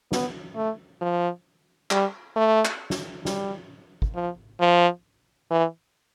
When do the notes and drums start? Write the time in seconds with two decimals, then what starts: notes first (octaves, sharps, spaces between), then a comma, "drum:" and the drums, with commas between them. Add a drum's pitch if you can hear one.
0.12 B3, drum: snare
0.56 A3
1.01 F3
1.91 G3, drum: clap
2.36 A3
2.65 drum: clap
2.90 drum: snare
3.25 G3, drum: snare
4.02 drum: kick
4.15 F3
4.60 F3
5.50 E3